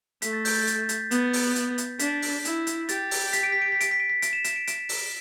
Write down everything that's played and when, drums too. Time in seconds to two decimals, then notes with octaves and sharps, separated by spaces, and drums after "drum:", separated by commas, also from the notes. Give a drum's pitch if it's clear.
0.22 A3 B6, drum: hi-hat
0.33 A6
0.45 G6, drum: open hi-hat
0.55 A6
0.67 A6, drum: hi-hat
0.89 B6, drum: hi-hat
1.11 B3, drum: hi-hat
1.33 drum: open hi-hat
1.56 drum: hi-hat
1.78 drum: hi-hat
1.99 D4 B6, drum: hi-hat
2.22 drum: open hi-hat
2.45 E4, drum: hi-hat
2.67 drum: hi-hat
2.89 G4 A6, drum: hi-hat
3.11 drum: open hi-hat
3.33 B6, drum: hi-hat
3.43 D7
3.52 B6
3.62 D7
3.72 B6
3.81 D7, drum: hi-hat
3.91 B6
4.00 D7
4.10 B6
4.22 D7, drum: hi-hat
4.33 E7
4.44 E7, drum: hi-hat
4.56 D7
4.67 D7, drum: hi-hat
4.89 drum: open hi-hat